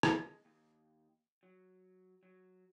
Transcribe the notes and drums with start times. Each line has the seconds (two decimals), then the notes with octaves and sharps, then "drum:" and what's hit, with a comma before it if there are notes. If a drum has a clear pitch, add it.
0.03 drum: rim click
0.14 G#3
0.45 D#2
1.43 F#3
2.23 F#3